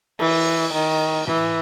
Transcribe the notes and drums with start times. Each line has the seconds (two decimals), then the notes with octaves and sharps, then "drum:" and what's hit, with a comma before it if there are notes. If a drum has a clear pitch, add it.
0.19 E3, drum: cymbal
0.73 D#3
1.27 E3, drum: tom